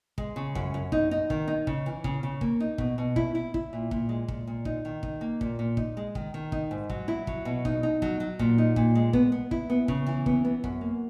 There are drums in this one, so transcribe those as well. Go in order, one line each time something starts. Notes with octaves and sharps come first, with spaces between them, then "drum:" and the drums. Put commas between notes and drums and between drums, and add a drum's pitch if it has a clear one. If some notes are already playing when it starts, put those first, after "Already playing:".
G#3, drum: kick
C#3
F#2, drum: kick
F#2
D#4, drum: kick
D#4
D#3, drum: kick
D#4
C#3, drum: kick
E3
C#3, drum: kick
C#3
A#3, drum: kick
D#4
B2, drum: kick
B2
E4, drum: kick
E4
E4, drum: kick
A#2
A#2, drum: kick
G#3
A#2, drum: kick
A#2
D#4, drum: kick
D#3
D#4, drum: kick
A#3
A#2, drum: kick
A#2
D#4, drum: kick
G#3
D#3, drum: kick
D#3
D#4, drum: kick
G#2
F#3, drum: kick
E4
F#3, drum: kick
B2
D#4, drum: kick
D#4
F#3, drum: kick
F#3
A#2, drum: kick
D#4
A#2, drum: kick
G#3
B3, drum: kick
B3
E4, drum: kick
B3
C#3, drum: kick
E3
B3, drum: kick
B3
F#2, drum: kick
A#3